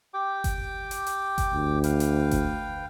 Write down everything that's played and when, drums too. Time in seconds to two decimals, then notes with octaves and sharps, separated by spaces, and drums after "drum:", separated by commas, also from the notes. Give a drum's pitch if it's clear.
0.14 G4 G5 D6
0.44 drum: kick G1, hi-hat
0.91 drum: hi-hat
1.07 drum: hi-hat
1.38 drum: kick G1, hi-hat
1.53 D2
1.84 B4 F5 G5, drum: hi-hat
2.00 drum: hi-hat
2.31 drum: kick G1, hi-hat